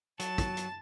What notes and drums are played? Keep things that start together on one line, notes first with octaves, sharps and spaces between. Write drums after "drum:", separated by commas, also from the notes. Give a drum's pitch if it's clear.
F#3 A5, drum: hi-hat
drum: kick, hi-hat
drum: hi-hat